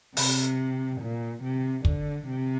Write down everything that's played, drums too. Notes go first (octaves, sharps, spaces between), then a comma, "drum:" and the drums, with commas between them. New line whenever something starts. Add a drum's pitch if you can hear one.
C3, drum: open hi-hat
A#2
C3
D3, drum: kick
C3